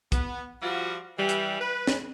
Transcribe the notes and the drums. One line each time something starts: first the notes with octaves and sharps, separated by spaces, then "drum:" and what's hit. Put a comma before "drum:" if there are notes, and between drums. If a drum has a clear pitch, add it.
B3, drum: kick, hi-hat
F3 G3 F4 F#4
E3 G3
drum: hi-hat
B4
drum: snare